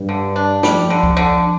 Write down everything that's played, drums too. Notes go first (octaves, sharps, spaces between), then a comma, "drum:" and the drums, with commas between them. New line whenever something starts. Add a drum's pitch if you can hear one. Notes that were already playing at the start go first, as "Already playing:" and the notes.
Already playing: G2
D3
D4
F2 G3, drum: snare
D3
drum: kick C#2
D3